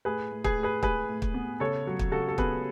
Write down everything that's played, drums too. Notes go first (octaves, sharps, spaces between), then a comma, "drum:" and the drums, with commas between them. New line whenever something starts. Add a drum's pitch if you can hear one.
A2 G#4 B4
A2
G#4 B4, drum: kick
A2
G#4 B4
A2 G#4 B4, drum: kick
A2
drum: kick
B3
C#3 A4 C#5
F#3
drum: kick
C#3 F#4 A4
A4
B3 G#4 B4, drum: kick